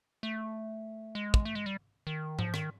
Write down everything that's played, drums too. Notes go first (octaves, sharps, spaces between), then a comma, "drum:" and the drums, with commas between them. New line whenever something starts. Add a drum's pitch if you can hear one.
A3
G#3
drum: kick
A3
G#3
G3
D#3
F3, drum: tom G#2
D#3, drum: rim click